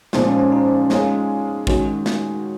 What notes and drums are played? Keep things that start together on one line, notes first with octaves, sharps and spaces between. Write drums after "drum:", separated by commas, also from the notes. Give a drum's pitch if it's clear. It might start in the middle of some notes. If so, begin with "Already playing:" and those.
A#2 F3 G#3 D#4, drum: snare
C#4
C#4
D#4
G#3 C#4 D#4 F4 G#4, drum: snare
D#3 G#3 C#4 F#4, drum: kick
drum: snare